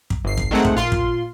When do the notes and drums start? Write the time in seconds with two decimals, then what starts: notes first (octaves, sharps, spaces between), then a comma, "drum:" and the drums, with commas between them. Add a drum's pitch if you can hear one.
0.10 drum: kick
0.25 G1 C7
0.37 drum: kick
0.51 D#3 G#3 A3 C4 F#5
0.65 drum: kick
0.75 A#2 F4 C6
0.92 drum: kick